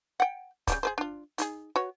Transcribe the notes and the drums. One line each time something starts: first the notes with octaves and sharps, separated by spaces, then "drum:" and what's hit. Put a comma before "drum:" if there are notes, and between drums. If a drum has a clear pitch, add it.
F#5 G5
C#3 F3 G3, drum: kick, hi-hat
G#4 B4 C5
D4 F4
D#4 F4 G#4, drum: hi-hat
F#4 B4 C#5